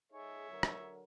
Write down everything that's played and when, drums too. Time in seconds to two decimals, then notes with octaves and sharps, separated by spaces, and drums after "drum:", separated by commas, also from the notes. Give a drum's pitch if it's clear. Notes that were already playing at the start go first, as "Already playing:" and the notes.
0.12 D#4 G#4 C#5 E5
0.49 D3 F#3 A#4
0.63 drum: rim click